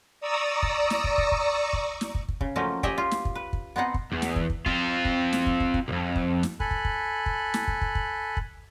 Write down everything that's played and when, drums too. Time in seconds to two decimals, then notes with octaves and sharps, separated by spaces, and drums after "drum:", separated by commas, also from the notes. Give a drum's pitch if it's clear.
0.20 D5 A#5 C#6 D#6 E6
0.63 drum: kick
0.90 drum: snare
1.04 drum: kick
1.18 drum: kick
1.32 drum: kick
1.73 drum: kick
2.01 drum: snare
2.15 drum: kick
2.28 drum: kick
2.41 C#3, drum: kick
2.56 F3 F#3 A3 A#3 C#4 D#4
2.83 G4 G#4 C#5 D#5 E5, drum: kick
2.98 F4
3.11 drum: snare
3.25 drum: kick
3.35 B4
3.53 drum: kick
3.76 B3 C4 D#4 F#5
3.94 drum: kick
4.12 E2
4.22 drum: snare
4.36 drum: kick
4.50 drum: kick
4.66 C4 F4, drum: kick
5.05 drum: kick
5.33 drum: snare
5.46 drum: kick
5.60 drum: kick
5.74 drum: kick
5.88 C2 F2
6.16 drum: kick
6.43 drum: snare
6.60 A4 G#5 B5 F#6, drum: kick
6.71 drum: kick
6.85 drum: kick
7.26 drum: kick
7.54 drum: snare
7.68 drum: kick
7.81 drum: kick
7.95 drum: kick
8.37 drum: kick